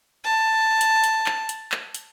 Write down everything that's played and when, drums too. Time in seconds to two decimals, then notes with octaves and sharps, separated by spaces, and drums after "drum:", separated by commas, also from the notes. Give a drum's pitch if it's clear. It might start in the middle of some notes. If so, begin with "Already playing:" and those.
0.25 A5
0.81 drum: hi-hat
1.04 drum: hi-hat
1.26 drum: clap
1.49 drum: hi-hat
1.72 drum: clap
1.94 drum: hi-hat